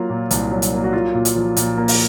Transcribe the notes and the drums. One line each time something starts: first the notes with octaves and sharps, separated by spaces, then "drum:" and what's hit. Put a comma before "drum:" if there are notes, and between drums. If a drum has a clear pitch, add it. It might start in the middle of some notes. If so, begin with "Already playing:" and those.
Already playing: F#3 A#3 F4
A#2
C2, drum: hi-hat
F#3
drum: hi-hat
A#3
F#4
A#3 F4
A#2
drum: hi-hat
F3
A#2, drum: hi-hat
A#3
drum: open hi-hat